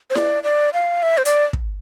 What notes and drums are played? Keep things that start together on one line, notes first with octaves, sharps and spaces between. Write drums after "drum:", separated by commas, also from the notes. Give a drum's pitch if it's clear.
C5
D5, drum: snare E4
D5
F5
E5
C5
D5, drum: hi-hat
drum: kick